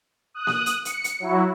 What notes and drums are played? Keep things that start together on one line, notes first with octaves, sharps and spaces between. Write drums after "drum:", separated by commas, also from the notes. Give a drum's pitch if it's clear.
D#6 F#6
drum: snare A#3
drum: hi-hat
C#7, drum: hi-hat
drum: hi-hat
F#3 E4 F#4